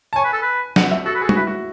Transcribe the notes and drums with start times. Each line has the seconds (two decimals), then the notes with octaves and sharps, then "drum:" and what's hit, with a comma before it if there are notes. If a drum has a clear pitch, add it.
0.13 A5
0.16 C#5 G#5
0.24 B4
0.33 A4
0.42 B4
0.76 F#5, drum: snare
0.91 E5
1.06 F#4 A4
1.15 B4
1.21 G#4 A4
1.29 F#4, drum: tom G3
1.35 E4 B4
1.47 F#4